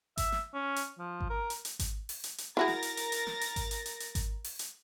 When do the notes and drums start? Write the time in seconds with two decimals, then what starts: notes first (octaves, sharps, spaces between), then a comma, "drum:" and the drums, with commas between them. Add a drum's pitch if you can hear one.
0.18 E5, drum: kick G#1, hi-hat
0.32 drum: snare
0.54 C#4
0.76 drum: hi-hat
0.98 F3
1.21 drum: kick G#1
1.30 A#4
1.50 drum: hi-hat
1.65 drum: hi-hat
1.79 drum: kick G#1, hi-hat
2.09 drum: open hi-hat
2.24 drum: hi-hat
2.38 drum: hi-hat
2.57 E4 F#4 G#4 A#4 A6 A#6
2.68 drum: snare
2.83 drum: hi-hat
2.97 drum: hi-hat
3.12 drum: hi-hat
3.27 drum: snare
3.41 drum: hi-hat
3.56 drum: kick G#1, hi-hat
3.71 drum: hi-hat
3.86 drum: hi-hat
4.00 drum: hi-hat
4.15 drum: kick G#1, hi-hat
4.44 drum: open hi-hat
4.59 drum: hi-hat